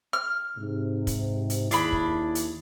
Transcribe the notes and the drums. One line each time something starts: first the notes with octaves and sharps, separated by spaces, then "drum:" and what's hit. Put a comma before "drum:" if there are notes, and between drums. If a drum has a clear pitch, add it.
F6
G#2 C3
drum: kick, hi-hat
drum: hi-hat
D#2 D4 E4 G#4 B5, drum: hi-hat
drum: kick
drum: hi-hat